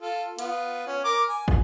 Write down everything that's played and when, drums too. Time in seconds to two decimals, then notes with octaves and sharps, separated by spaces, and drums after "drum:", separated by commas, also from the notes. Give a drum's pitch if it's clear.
0.01 F4 A4
0.39 B3 F4, drum: hi-hat
0.87 C#4
1.04 A#4 D6
1.29 G#5
1.48 drum: kick